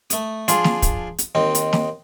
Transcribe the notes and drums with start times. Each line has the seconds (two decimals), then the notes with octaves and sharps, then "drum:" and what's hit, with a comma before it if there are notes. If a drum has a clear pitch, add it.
0.10 A3 D#6, drum: hi-hat
0.48 F3 D4 F4 G#4, drum: hi-hat
0.64 drum: snare
0.82 drum: kick, hi-hat
1.18 drum: hi-hat
1.35 D#2 C4 D#4
1.55 drum: hi-hat
1.73 drum: snare